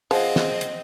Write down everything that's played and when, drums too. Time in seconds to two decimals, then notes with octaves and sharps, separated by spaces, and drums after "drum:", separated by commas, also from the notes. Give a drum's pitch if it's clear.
0.11 F3 C4 G#4 C5 D#5 F#5, drum: open hi-hat
0.36 drum: snare
0.61 drum: hi-hat